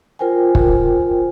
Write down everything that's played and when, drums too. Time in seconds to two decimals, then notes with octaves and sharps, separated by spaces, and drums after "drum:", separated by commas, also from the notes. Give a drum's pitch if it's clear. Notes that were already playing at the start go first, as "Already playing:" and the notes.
0.19 F4 A#4 C5 G5 G#5
0.55 drum: kick